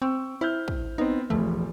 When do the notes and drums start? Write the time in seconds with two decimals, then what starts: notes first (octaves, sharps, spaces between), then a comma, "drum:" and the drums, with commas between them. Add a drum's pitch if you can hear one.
0.02 C4 G5 C#6 E6
0.41 E4 C5 F6 G6
0.68 drum: kick
0.98 B3 C4 D#4
1.30 F1 A#1 E2 A3